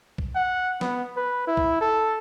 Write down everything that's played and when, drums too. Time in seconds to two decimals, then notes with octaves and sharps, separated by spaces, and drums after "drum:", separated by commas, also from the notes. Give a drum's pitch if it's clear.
0.18 drum: kick B1
0.35 F#5
0.81 B3, drum: snare
1.17 B4
1.47 E4
1.57 drum: kick B1
1.81 A4